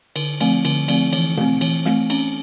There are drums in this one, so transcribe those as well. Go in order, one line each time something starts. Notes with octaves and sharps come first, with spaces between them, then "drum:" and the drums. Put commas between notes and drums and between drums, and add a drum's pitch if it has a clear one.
D3, drum: cymbal
F3 A3 C4, drum: cymbal
D3, drum: cymbal
F3 A3 C4, drum: cymbal
E3, drum: cymbal
A3 C4, drum: tom B2
E3, drum: cymbal
A3 C4, drum: snare
C#4, drum: cymbal